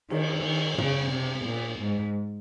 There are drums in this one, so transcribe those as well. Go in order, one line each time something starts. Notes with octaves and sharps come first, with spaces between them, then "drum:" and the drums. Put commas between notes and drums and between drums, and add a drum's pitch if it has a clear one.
D#3, drum: cymbal
D#3
C#3, drum: tom
C3
A#2
G#2